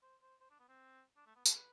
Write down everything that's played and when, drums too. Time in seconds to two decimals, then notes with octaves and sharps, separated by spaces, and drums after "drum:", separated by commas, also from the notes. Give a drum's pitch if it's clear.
0.03 C5
0.22 C5
0.41 C5
0.51 D4
0.60 B3
0.69 C4
1.17 D4
1.26 A3
1.36 B3
1.46 A4, drum: tambourine
1.55 B4